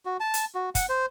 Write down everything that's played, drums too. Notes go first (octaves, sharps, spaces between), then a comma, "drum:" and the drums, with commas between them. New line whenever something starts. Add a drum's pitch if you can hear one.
F#4
A5
drum: hi-hat
F#4
F#5, drum: kick, hi-hat
C5